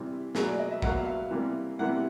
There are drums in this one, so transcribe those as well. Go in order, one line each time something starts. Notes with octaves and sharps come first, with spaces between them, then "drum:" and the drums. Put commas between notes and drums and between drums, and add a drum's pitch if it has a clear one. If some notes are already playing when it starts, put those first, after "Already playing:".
Already playing: C3 E3 G3
B2 F#3 A#3 G#4, drum: snare
D5
D#5
E5
B2 F#3 A#3 F#5, drum: kick A1
F5
E5
F5
C3 E3 G3 A#3
C3 E3 G3 A#3 F#5